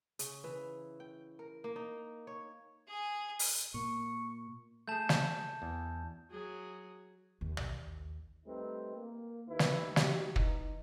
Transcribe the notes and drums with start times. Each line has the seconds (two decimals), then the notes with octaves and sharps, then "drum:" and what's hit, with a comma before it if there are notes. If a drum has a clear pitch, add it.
0.19 C#3, drum: hi-hat
0.44 E3
1.00 G5
1.39 A#4
1.64 A#3
1.76 D#4
2.27 C#5
2.87 G#4 G#5
3.39 drum: open hi-hat
3.74 A#2 A#3 C#6
4.88 A3 G#4 A5 G6
5.09 drum: snare
5.62 E2
6.30 F#3 G#4
7.41 D#2
7.57 drum: tom
8.46 G3 A3 C4 D#4 B4
8.96 A#3
9.47 D#2 D#3 E4 B4
9.59 drum: snare
9.96 C#2 D#4 F#4 G4, drum: snare
10.36 E3 D#4, drum: kick